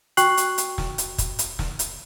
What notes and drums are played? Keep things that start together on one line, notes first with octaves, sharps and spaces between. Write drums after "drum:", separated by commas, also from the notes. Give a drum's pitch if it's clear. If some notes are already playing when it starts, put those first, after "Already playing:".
F#4 G5 C#6 F#6 C7 F#7, drum: hi-hat
drum: hi-hat
drum: hi-hat
drum: snare
drum: hi-hat
drum: kick, hi-hat
drum: hi-hat
drum: snare
drum: hi-hat